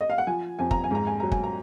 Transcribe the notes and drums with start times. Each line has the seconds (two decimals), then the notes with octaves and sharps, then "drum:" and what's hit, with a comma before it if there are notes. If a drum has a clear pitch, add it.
0.01 D#5
0.10 F5
0.18 F#5
0.27 F3 G#5
0.59 F2 G#5
0.71 A#5, drum: kick
0.84 G#5
0.91 G#2 A#5
1.07 G#5
1.20 F#3 A#5
1.32 G#5, drum: kick
1.44 A#5